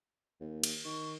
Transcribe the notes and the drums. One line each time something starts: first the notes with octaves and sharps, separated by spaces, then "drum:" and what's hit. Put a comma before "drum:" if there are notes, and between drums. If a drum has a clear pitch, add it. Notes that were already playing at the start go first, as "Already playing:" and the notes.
D#2
drum: cymbal
D#3 C#6